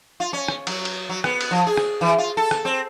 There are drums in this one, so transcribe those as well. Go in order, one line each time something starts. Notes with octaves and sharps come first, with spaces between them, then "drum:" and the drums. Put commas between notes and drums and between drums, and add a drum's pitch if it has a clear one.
F4
C#4
drum: rim click
F#3, drum: cymbal
drum: cymbal
F#3
B3, drum: rim click
drum: cymbal
F3
G#4
drum: rim click
E3
F4
A4
drum: rim click
C4